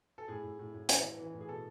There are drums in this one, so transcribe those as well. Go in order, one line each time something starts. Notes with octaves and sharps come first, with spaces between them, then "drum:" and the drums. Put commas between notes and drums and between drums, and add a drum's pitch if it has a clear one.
A4
A2 G#4
A2
A2
A2
E3, drum: hi-hat
E3
E3
A2
G#4
B2 A4